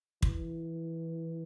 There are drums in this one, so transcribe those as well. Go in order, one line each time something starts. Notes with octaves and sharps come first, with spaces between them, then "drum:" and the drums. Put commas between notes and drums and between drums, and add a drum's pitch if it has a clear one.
E3, drum: kick